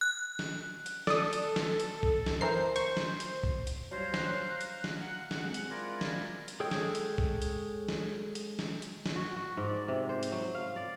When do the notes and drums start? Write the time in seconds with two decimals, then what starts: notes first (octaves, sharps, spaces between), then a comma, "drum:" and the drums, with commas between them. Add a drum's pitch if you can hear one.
0.01 F#6
0.39 drum: snare
0.86 drum: hi-hat
1.07 A4 D5 D#6, drum: snare
1.33 drum: hi-hat
1.56 drum: snare
1.80 drum: hi-hat
2.03 drum: kick
2.26 drum: snare
2.41 E3 A#4 C5 C7
2.76 C5 C#6, drum: hi-hat
2.97 drum: snare
3.20 drum: hi-hat
3.44 drum: kick
3.67 drum: hi-hat
3.91 F#3 G3 C5 C#5 F5 A#5
4.14 F#6 A#6, drum: snare
4.61 drum: hi-hat
4.84 drum: snare
5.00 F#5
5.31 drum: snare
5.43 G#3 C4
5.54 drum: hi-hat
5.70 E4 F4 A#4 D5
6.01 drum: snare
6.48 drum: hi-hat
6.60 G#3 G#4 A4 C#5 G5
6.71 drum: snare
6.95 drum: hi-hat
7.18 drum: kick
7.42 drum: hi-hat
7.88 drum: snare
8.35 drum: hi-hat
8.59 drum: snare
8.82 drum: hi-hat
9.06 drum: snare
9.16 F#4
9.36 F#4
9.57 G#2
9.69 D5
9.88 C3
10.09 C5
10.23 drum: hi-hat
10.32 F#3
10.55 F5
10.76 D5